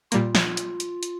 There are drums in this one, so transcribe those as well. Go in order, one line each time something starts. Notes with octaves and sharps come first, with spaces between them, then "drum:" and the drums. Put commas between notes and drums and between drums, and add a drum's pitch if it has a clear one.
A#2 G3 A#3 F4, drum: hi-hat
drum: snare
drum: hi-hat
drum: hi-hat
drum: hi-hat